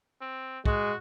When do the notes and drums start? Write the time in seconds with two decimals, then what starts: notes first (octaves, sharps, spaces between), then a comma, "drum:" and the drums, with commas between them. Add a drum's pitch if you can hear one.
0.21 C4
0.65 G#3 F#4, drum: kick